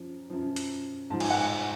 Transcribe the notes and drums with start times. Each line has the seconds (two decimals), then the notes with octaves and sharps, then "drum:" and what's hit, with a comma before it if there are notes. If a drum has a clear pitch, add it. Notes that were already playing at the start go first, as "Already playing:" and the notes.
Already playing: F#2 F3
0.30 F#2 F3
0.56 drum: hi-hat
1.10 G#2 F3 A5
1.20 G#5, drum: cymbal
1.30 F#5
1.40 G#5